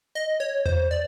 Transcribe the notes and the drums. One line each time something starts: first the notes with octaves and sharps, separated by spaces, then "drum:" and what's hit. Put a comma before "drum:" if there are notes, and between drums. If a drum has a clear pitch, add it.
D#5
C#5
C5, drum: tom E2
D5